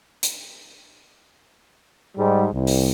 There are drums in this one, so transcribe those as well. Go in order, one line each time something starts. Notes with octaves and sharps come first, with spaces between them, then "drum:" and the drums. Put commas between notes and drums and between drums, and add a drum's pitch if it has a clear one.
drum: hi-hat
G#2 G3
C2
drum: open hi-hat